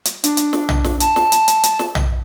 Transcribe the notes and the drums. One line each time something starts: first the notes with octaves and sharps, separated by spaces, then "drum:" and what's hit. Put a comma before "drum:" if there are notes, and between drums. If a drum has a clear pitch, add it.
drum: hi-hat
D4, drum: hi-hat
drum: hi-hat
drum: snare
drum: tom
drum: snare
A5, drum: hi-hat
drum: snare
drum: hi-hat
drum: hi-hat
drum: hi-hat
drum: snare
drum: tom